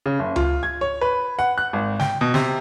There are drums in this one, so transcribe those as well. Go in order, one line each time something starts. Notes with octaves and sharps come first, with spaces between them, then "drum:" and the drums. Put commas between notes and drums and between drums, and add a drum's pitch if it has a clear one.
C#3
F#1
F4, drum: tom C#2
G#6
C#5
B4
F#5
F#6
G#1
G5, drum: snare
B2
C3, drum: snare